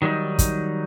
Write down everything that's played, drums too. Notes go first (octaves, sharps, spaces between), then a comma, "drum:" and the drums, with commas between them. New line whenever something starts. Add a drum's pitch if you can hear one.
D#3 F#3 G3 D#4
drum: kick, hi-hat